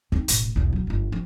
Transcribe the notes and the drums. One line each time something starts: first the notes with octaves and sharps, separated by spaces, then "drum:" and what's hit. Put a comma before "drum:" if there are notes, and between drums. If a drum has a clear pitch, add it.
C4 D#4, drum: kick
E1 A2, drum: hi-hat
B1 E2
C#3 F#3
G1 F#2
F3 C4